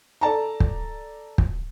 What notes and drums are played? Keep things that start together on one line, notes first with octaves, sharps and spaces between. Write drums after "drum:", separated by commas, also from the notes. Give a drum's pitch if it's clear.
A4 D5 A5 A#5
drum: kick
drum: kick